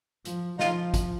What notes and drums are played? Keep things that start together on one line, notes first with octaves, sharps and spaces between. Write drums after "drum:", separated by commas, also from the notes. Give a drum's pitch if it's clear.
F3, drum: hi-hat
F3 D#4 F4, drum: snare
drum: kick, hi-hat